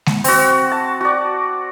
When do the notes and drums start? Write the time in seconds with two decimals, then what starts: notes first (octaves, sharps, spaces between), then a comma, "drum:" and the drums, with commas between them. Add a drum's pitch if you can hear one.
0.06 drum: snare G#3
0.24 C4 F#4, drum: open hi-hat
0.71 A5
1.01 F#4 D5